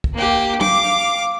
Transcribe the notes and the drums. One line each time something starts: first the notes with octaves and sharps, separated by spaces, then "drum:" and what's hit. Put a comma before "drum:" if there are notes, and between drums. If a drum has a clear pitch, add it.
drum: kick
A#3 G4
F5 D6, drum: tom F#3